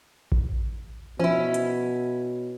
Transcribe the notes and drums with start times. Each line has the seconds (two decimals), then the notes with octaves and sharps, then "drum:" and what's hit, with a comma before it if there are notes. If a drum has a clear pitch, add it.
0.32 drum: kick A1
1.20 B2 F3 C#4 E4
1.54 drum: hi-hat